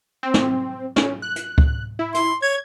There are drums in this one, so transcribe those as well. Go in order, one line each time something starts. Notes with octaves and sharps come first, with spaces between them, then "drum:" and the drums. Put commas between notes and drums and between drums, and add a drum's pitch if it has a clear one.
C4
drum: snare
C#4, drum: snare
F#6
drum: hi-hat
drum: kick C#2
E4
C6, drum: hi-hat
C#5 G#6